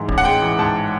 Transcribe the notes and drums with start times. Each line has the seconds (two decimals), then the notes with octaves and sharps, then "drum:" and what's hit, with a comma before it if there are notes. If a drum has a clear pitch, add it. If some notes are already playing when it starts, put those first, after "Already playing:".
Already playing: G#2 E3 G#3
0.09 A1, drum: kick
0.18 F#5
0.25 G#3 G5
0.42 E3
0.59 G#2 A5